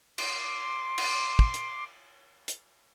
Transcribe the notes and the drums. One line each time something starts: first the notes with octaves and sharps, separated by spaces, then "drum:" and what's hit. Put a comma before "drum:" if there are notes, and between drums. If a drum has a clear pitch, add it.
C6 D6, drum: cymbal
drum: cymbal
drum: kick
drum: hi-hat
drum: hi-hat